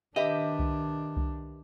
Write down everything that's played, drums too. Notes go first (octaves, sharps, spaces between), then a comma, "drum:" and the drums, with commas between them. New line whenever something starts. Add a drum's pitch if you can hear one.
D#3 D4 G4 B4 D#5 E5
drum: kick C2
drum: kick C2